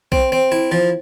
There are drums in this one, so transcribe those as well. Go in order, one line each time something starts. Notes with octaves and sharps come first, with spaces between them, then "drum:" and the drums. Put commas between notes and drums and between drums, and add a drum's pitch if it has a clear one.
C4, drum: kick B1
C4
E4
F3